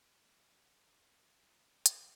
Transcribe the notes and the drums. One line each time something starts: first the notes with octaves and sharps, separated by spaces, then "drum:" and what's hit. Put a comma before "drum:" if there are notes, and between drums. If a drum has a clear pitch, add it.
G4 C#5 D5
C#4 D5 E5
G2 A#4
drum: hi-hat